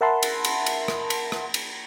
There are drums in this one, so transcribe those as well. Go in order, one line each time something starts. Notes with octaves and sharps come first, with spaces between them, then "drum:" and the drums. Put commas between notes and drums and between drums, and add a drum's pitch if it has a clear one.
A#4 E5 F#5 A5 B5 C6
drum: cymbal
drum: cymbal
drum: cymbal
drum: rim click
drum: cymbal
drum: rim click
drum: cymbal